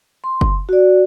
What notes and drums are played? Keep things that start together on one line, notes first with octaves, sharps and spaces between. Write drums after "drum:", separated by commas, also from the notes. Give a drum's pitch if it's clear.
C6
drum: kick F#1
F#4 D5